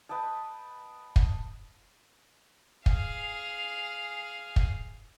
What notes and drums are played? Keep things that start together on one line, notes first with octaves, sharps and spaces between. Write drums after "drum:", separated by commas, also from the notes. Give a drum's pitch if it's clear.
B4 D#5 G5 A5
drum: kick
G#4 F5, drum: kick
drum: kick